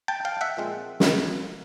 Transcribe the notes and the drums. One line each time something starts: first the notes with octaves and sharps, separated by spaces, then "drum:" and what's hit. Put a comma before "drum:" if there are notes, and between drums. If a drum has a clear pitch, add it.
G5 A5
F5 G5
E5 F#5
A#2 F3 G#3 C4
drum: snare